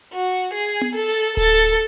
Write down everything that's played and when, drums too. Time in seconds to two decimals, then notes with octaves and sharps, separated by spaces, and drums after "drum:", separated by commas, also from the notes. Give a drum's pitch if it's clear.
0.13 F#4
0.53 G#4
0.81 drum: tom B3
0.95 A4
1.09 drum: hi-hat
1.37 A4, drum: kick D1, hi-hat